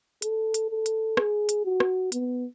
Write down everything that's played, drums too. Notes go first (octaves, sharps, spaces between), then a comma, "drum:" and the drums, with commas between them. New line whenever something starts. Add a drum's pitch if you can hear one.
A4, drum: hi-hat
drum: hi-hat
A4
drum: hi-hat
G#4, drum: rim click
drum: hi-hat
F#4
drum: rim click
B3, drum: hi-hat